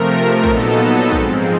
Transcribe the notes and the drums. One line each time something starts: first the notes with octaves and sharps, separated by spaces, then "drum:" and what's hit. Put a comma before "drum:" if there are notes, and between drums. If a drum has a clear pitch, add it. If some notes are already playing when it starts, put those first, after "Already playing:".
Already playing: C3 F3 A3 A#4
A#2 F#3 B3 D#4 A4, drum: kick
G#2 F3 G#3 C4, drum: kick